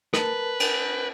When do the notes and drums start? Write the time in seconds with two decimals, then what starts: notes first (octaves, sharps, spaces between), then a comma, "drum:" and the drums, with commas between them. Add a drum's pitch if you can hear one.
0.14 A#4 B4 A5, drum: rim click
0.60 drum: cymbal